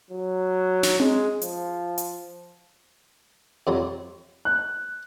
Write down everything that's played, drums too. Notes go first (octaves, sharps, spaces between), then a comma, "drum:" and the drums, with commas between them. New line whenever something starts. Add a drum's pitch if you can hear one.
F#3
drum: snare
G#3, drum: tom C4
F3, drum: hi-hat
drum: hi-hat
F2 F#3 G3
F#6